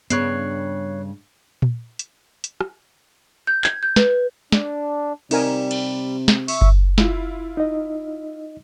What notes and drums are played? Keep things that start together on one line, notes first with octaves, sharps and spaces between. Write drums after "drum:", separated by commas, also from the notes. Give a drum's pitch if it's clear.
G2 C#3 B3 C#5 F#6 C7, drum: hi-hat
drum: tom A#2
drum: hi-hat
drum: hi-hat
drum: rim click
G6
G#6, drum: clap
G6
B4, drum: snare
D4, drum: snare
C3 G3 D#4 A#4 G#5, drum: cymbal
drum: cymbal
drum: snare
E5 C#6, drum: open hi-hat
drum: kick F#1
E4 F4, drum: snare
D#4 D#5